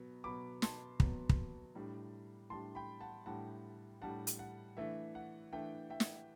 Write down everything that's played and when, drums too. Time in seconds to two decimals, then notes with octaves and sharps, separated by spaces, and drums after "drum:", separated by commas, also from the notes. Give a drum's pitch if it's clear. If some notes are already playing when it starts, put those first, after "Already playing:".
Already playing: B2 F#3 B3
0.24 B2 F#3 B3 B5 D6
0.62 A5 C6, drum: snare
1.00 B2 F#3 B3, drum: kick
1.29 drum: kick
1.75 A2 G3 D4
2.50 A2 G3 D4 A5 C6
2.75 G5 B5
3.01 F#5 A5
3.26 A2 G3 D4 F#5 A5
4.02 A2 G3 D4 F#5 A5
4.27 drum: hi-hat
4.39 F#5
4.77 E3 A3 D4 E5
5.15 F#5
5.52 E3 A3 D4 E5 G5
5.90 E5 G5
6.00 drum: snare